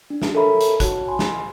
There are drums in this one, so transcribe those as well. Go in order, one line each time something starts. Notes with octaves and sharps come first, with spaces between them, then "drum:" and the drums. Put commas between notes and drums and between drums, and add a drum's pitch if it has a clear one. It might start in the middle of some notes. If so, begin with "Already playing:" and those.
D4
drum: snare
A4 A#4 C#5 E5 A#5 B5
drum: hi-hat
F#4 C#5 A5 F#6, drum: kick G1, hi-hat
G#5 B5 C6
drum: snare